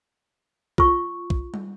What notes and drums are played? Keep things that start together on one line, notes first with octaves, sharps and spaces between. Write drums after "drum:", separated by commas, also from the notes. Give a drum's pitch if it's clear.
F4 C#6, drum: kick
drum: kick
drum: tom G3